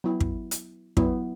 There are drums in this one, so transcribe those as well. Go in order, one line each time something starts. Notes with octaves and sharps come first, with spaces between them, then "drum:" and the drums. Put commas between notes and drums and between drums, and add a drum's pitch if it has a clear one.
F#3 B3 E4
drum: kick
drum: hi-hat
F#3 B3 E4, drum: kick